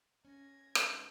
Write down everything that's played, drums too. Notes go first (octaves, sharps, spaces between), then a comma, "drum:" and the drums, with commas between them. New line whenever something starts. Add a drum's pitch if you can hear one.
C#4 G#6 A#6
G#2 B2 E5 A5, drum: rim click